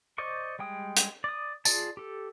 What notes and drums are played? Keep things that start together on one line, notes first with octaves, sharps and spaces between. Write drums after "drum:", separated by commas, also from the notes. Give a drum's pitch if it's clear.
C5 D5 D#5 C#6
G3 G#3 G5 D#6
drum: hi-hat
D5 D#6
F4 G#4 D5 A5, drum: tambourine
G4 A4